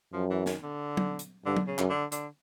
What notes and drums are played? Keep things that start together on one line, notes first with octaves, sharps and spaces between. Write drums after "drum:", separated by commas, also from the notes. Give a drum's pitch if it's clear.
F#2 F3
E3
D#3, drum: snare
D3
drum: tom F#3
drum: hi-hat
G2 D3
drum: tom F#3
C#3
F#2, drum: clap
D3
D3, drum: hi-hat